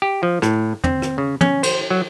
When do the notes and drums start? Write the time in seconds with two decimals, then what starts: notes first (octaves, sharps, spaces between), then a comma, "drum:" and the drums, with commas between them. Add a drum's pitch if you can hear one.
0.02 G4
0.23 F3
0.42 A2, drum: rim click
0.84 C4, drum: tom
1.02 drum: rim click
1.18 C#3
1.41 C#4, drum: tom
1.63 C5, drum: cymbal
1.90 F#3